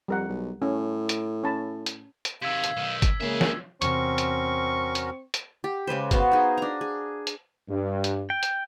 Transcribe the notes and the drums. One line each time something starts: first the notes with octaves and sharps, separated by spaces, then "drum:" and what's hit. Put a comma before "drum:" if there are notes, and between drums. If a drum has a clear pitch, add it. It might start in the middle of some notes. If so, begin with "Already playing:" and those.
F2 G3 A#4 F#5
B1
A2 C#4
drum: hi-hat
C#4 A5 B5
drum: hi-hat
drum: hi-hat
C3 D#3 F5 E6 G#6 B6
drum: hi-hat
B1 D#3
drum: kick, hi-hat
C#3 G#3 A#3 G#4 A#4 E5
drum: snare
E2 C3 C4 C#4 F#4 A#4 C#6, drum: hi-hat
drum: hi-hat
drum: hi-hat
drum: hi-hat
G4
C#3 G#3 B4 C5
B3 F#4 C5 F5, drum: kick, hi-hat
D#4 G#4
D4 A#5
G#4
drum: hi-hat
G2
drum: hi-hat
G5
drum: hi-hat